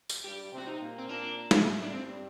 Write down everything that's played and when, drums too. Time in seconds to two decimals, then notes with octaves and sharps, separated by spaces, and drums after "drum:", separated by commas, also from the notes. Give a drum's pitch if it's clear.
0.09 drum: tambourine
0.24 G2 G3 G4
0.52 C3 C4
0.58 F#4
0.67 D#4
0.81 A#2 A#3
0.98 C4
1.09 A#2 A#3 D4
1.51 A2 A3, drum: snare
1.83 D4
1.93 G2 G3 C4